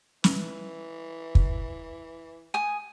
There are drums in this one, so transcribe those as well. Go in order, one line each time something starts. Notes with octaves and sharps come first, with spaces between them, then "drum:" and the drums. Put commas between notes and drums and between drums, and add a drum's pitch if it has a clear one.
E3, drum: snare
drum: kick
G#5 D#6